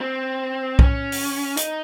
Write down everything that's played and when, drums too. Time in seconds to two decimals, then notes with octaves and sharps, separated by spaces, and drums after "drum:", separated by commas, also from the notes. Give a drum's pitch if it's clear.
0.01 C4
0.79 C#4, drum: kick B1
1.12 drum: open hi-hat
1.57 D#4, drum: hi-hat